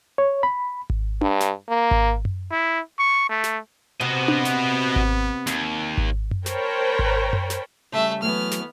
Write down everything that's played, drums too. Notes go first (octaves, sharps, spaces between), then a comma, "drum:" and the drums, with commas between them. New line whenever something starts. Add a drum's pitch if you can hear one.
C#5
B5
drum: kick G#1
G2, drum: tom D4
drum: snare
A#3
drum: kick G#1
drum: tom F#2
E4
C#6
A3
drum: snare
C3 B3 F#4 D#5
drum: tom D4
drum: snare
drum: kick G#1
D#2, drum: snare
drum: kick G#1
drum: tom F#2
A#4 C5 C#5 G5 A5 B5, drum: snare
drum: kick G#1
drum: tom F#2
drum: snare
C#3 G3 A3 E5
E3 F#3 A3 B3 F6
drum: snare